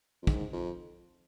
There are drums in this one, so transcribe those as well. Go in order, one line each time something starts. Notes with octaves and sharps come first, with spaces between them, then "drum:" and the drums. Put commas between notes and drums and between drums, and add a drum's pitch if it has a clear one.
F2
G#2, drum: kick
F2